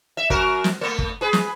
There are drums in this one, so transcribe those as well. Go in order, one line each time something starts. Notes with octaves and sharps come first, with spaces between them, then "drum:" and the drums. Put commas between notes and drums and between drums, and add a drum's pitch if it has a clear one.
E5
F#2 F#4 A#4, drum: kick G1
drum: snare
A3 B3
drum: kick G1
G#4 B4
drum: snare